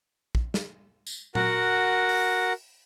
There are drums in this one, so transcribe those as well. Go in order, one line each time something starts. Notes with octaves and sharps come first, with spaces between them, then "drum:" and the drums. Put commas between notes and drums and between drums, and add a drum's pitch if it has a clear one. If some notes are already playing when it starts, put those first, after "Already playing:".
drum: kick
drum: snare
drum: tambourine
F#4 A#4 F#5, drum: tom A#2
drum: open hi-hat